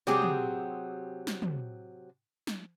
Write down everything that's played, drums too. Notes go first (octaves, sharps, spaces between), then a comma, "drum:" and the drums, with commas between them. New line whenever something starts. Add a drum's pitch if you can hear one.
C3 F#3 C4 G4 G#4, drum: snare
drum: tom
drum: snare
drum: tom
drum: snare